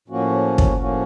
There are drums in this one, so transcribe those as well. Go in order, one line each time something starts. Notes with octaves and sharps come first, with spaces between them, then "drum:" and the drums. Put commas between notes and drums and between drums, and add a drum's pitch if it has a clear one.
A2 F3 A#3 C#4 F#4
drum: kick
A2 F3 A#3 C#4 F#4